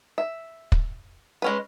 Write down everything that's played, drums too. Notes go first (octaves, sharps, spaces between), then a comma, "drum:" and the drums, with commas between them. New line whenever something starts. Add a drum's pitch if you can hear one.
E5
drum: kick
G#3 C#4 B4